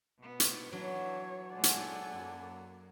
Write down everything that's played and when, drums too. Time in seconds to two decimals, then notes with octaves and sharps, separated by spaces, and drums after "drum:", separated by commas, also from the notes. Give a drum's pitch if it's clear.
0.19 B2 B3
0.40 drum: hi-hat
0.73 E3 F#3 D4 C#5
1.54 A#2 G#3 A4 D5 F#5 G#5
1.64 drum: hi-hat
2.11 F#2 A#3